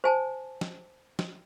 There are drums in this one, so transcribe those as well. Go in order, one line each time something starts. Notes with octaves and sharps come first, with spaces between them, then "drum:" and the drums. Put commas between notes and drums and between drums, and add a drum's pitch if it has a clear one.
C5 G#5 A5
drum: snare
drum: snare